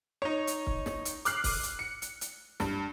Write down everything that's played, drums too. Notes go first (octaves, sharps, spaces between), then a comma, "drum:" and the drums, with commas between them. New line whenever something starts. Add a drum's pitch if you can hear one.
D#4 C#5
drum: hi-hat
drum: kick C#1
drum: snare
drum: hi-hat
D6 F6 F#6 C7, drum: hi-hat
drum: kick C#1, open hi-hat
drum: hi-hat
C#7
drum: hi-hat
drum: hi-hat
G2, drum: snare